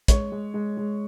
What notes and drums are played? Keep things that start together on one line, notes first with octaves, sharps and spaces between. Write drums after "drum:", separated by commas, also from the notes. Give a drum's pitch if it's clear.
G#3 C#5, drum: kick, hi-hat
G#3
G#3
G#3